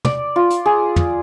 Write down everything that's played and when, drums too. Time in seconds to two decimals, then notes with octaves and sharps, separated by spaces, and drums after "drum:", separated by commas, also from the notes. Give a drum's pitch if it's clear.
0.05 D5, drum: tom
0.36 F4
0.50 drum: hi-hat
0.66 G#4
0.96 drum: tom